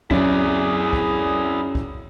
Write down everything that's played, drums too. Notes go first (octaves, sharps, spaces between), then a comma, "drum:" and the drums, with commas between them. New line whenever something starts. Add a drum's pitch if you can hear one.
F#2 E4 G#4 D5, drum: kick
drum: kick
drum: kick